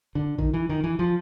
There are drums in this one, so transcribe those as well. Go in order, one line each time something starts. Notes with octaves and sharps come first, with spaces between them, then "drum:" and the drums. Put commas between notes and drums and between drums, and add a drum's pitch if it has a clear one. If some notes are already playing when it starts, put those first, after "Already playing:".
D3
D#3, drum: kick A#1
E3
D#3
E3
F3